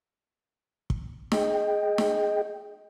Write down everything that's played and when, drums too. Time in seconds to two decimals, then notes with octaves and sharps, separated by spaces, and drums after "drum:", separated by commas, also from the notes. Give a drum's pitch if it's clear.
0.90 drum: kick
1.32 G#4 D#5 G5, drum: snare
1.98 drum: snare